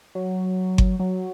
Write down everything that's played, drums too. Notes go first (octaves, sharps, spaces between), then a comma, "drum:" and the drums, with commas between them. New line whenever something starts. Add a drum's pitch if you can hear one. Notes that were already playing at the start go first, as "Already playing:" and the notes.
F#3
drum: kick G1
F#3